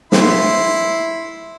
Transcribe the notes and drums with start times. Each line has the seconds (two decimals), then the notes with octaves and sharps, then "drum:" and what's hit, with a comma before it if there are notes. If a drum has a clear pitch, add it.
0.12 E4 C6, drum: snare